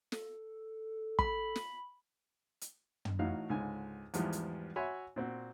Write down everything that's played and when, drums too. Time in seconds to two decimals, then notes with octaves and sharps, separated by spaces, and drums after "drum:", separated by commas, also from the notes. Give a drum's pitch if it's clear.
0.12 A4, drum: snare
1.19 B5, drum: kick
1.56 drum: snare
2.61 drum: hi-hat
3.05 drum: tom
3.19 A1 A2 D#4 F#4 F5
3.50 C#2 G#2 D3 G#5
4.14 E2 G#2 E3 F3 G3 B3, drum: hi-hat
4.33 drum: hi-hat
4.76 F#4 C#5 E5 G#5 B5 C6
5.16 A#2 C4 F#4